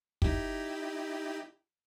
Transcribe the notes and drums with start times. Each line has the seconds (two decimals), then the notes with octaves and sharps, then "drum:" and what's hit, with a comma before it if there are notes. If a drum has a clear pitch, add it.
0.22 D#4 E4 G4, drum: kick